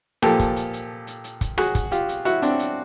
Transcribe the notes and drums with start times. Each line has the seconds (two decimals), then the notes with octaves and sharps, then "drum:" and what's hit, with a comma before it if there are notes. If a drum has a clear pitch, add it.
0.22 A#2 F3 G4 A4, drum: rim click
0.39 drum: kick, hi-hat
0.56 drum: hi-hat
0.73 drum: hi-hat
1.07 drum: hi-hat
1.24 drum: hi-hat
1.41 drum: kick, hi-hat
1.58 F#4 G#4, drum: rim click
1.75 drum: kick, hi-hat
1.92 F4 G4, drum: hi-hat
2.09 drum: hi-hat
2.25 E4 F#4, drum: hi-hat
2.42 C4 D4, drum: hi-hat
2.59 drum: hi-hat